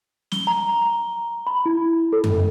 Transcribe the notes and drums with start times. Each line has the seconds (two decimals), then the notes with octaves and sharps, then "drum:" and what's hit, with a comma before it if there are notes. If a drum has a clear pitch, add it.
0.32 G7, drum: snare
0.47 A#5
1.47 B5
1.66 E4
2.13 A4
2.24 drum: tom F#2